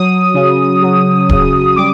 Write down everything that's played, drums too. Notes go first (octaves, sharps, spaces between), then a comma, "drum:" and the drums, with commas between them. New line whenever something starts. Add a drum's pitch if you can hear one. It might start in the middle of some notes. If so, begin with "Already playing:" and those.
Already playing: F#3 D#6
C#3
F#3
C#3, drum: kick D1
G3 D6